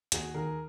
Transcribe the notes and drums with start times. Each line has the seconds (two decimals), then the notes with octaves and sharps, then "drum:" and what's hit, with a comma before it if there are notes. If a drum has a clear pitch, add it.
0.12 D#2 F#4 G#4, drum: hi-hat
0.34 D#3 G#4 A#4